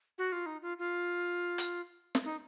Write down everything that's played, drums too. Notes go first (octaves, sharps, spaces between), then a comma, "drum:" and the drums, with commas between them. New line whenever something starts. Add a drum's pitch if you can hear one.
F#4
F4
D#4
F4
F4
drum: hi-hat
drum: snare
D#4